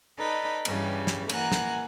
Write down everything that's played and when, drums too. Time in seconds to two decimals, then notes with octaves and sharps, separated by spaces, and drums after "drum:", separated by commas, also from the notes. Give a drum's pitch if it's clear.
0.18 D#4 A4 B4 D5 B5
0.65 G2 C#3 E3 G3, drum: cymbal
1.07 drum: snare
1.29 E3 A#3 F#5 G#5 A#5 F#6, drum: cymbal
1.52 drum: snare